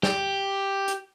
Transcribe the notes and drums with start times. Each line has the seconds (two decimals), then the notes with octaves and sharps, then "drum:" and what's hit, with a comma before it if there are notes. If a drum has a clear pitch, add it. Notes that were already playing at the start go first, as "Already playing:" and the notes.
0.03 G4, drum: snare
0.88 drum: hi-hat